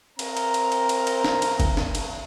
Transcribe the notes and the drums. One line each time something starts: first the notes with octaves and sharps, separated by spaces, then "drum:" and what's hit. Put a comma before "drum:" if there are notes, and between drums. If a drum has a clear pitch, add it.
C4 A#4 A#5, drum: cymbal
drum: cymbal
drum: cymbal
drum: cymbal
drum: cymbal
drum: cymbal
drum: snare
drum: cymbal
drum: kick F#1, cymbal
drum: snare
drum: cymbal